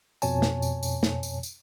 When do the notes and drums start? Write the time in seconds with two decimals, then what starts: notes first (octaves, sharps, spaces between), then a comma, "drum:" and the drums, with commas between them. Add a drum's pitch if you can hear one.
0.22 F2 B2 C#5 G#5 A5, drum: tambourine
0.42 drum: snare
0.62 drum: tambourine
0.83 drum: tambourine
1.03 drum: snare
1.23 drum: tambourine
1.43 drum: tambourine